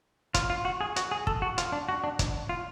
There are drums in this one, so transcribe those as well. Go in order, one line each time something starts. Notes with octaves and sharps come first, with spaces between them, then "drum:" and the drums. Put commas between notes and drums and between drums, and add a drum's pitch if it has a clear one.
F4, drum: kick, hi-hat
F4
F#4
G#4
F#4, drum: hi-hat
G#4
A4, drum: kick
F#4
F4, drum: hi-hat
D4
F#4
D4
D4, drum: kick, hi-hat
F4